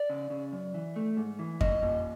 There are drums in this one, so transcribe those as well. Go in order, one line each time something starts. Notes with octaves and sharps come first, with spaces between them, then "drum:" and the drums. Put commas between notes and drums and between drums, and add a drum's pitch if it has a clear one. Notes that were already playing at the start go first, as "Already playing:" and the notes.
Already playing: D5
C#3
C#3
F#2
E3
A3
G#2
E3
A#2 D#5, drum: kick F2
A#2